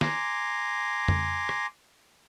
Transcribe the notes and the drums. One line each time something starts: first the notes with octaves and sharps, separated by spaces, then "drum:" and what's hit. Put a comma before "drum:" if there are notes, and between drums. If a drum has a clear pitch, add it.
G#5 A#5 C6 D6, drum: snare
drum: tom F2
drum: rim click